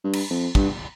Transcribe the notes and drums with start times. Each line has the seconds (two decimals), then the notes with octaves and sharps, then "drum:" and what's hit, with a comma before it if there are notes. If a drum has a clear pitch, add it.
0.04 G2
0.13 drum: cymbal
0.30 F2
0.55 G2, drum: kick